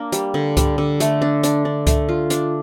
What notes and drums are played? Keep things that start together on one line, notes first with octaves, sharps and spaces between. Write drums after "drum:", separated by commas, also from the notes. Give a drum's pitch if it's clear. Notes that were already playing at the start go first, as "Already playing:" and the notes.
Already playing: A#3 D4
G3, drum: hi-hat
D3
G3, drum: kick C#2, hi-hat
D3
A3, drum: hi-hat
D4
D4, drum: hi-hat
D4
A3, drum: kick C#2, hi-hat
F4
D4, drum: hi-hat